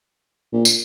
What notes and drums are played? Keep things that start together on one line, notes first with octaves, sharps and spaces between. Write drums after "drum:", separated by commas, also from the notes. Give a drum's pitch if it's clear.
A#2
drum: tambourine